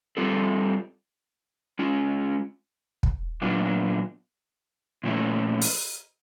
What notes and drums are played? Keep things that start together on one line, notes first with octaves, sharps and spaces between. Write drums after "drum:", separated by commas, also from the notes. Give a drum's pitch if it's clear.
G3 C4 F4 A4
G#3 C#4 F4
drum: kick
A#2 F#3 B3 D4 F4
A#2 F3 A3 C#4 E4
drum: open hi-hat